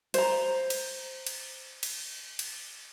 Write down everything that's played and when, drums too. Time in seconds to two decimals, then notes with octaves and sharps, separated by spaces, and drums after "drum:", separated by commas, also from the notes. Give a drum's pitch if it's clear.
0.14 C5 A#5, drum: cymbal
0.70 drum: cymbal
1.27 drum: cymbal
1.83 drum: cymbal
2.39 drum: cymbal